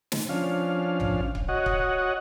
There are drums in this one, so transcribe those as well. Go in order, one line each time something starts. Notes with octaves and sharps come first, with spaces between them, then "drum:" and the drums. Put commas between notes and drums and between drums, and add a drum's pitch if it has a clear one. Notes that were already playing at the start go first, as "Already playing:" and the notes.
drum: snare
F3 C#4 D4 F5
drum: tom A1
drum: kick C#1
F#4 C#5 D#5 F#5
drum: kick C#1